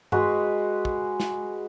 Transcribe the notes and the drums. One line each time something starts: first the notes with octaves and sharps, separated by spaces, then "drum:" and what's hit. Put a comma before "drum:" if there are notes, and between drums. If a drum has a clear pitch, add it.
G#3 F#4 B4, drum: tom G2
drum: kick
drum: snare